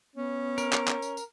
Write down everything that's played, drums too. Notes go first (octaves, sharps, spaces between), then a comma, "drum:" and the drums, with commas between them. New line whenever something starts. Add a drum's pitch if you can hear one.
B3 C#4
A#4, drum: tambourine
drum: clap
drum: clap
drum: tambourine
drum: tambourine